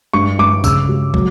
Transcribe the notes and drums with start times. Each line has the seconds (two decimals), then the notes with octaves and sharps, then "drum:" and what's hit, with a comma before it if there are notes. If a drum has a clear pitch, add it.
0.13 G2 C#6
0.38 G2 D6
0.64 C#3 E6, drum: kick, tambourine
0.89 G3
1.14 F#3, drum: kick